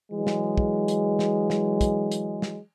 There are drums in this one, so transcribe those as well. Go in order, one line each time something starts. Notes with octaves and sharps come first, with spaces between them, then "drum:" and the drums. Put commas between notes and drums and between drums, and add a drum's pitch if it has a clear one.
E3 F#3 G#3
drum: snare
drum: kick
drum: hi-hat
drum: snare
drum: snare
drum: kick, hi-hat
drum: hi-hat
drum: snare